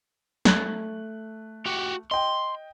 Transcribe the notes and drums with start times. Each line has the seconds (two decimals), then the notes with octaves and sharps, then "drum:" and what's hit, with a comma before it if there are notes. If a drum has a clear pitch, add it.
0.45 A3 F#6 F#7, drum: snare
1.66 F#4 G4
2.11 D#5 G5 C6